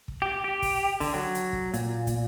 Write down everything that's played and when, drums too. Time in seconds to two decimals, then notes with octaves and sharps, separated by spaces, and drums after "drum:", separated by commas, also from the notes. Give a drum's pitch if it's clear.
0.08 drum: kick
0.22 G4
0.44 G4
0.62 drum: kick, open hi-hat
1.00 D3, drum: kick, open hi-hat
1.14 F#3
1.35 drum: hi-hat
1.53 drum: kick
1.74 A#2, drum: hi-hat
2.07 drum: kick, hi-hat